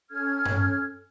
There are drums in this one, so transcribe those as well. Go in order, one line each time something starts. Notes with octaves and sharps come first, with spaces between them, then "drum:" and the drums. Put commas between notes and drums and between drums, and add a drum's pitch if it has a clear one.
C#4 A4 F6 G#6
drum: tom G2